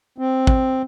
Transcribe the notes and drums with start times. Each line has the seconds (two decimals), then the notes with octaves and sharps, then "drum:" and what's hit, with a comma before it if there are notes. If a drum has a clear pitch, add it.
0.18 C4
0.47 drum: kick